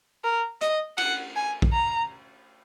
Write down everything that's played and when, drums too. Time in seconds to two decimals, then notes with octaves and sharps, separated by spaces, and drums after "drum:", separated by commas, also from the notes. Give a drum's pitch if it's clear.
0.24 A#4
0.61 D#5, drum: hi-hat
0.98 F#5, drum: cymbal
1.36 G#5
1.62 drum: kick A#1
1.72 A#5